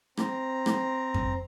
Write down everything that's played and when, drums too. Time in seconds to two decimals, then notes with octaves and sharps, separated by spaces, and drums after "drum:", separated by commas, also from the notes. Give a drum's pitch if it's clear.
0.17 C4 A#5, drum: rim click
0.66 drum: rim click
1.14 drum: kick F2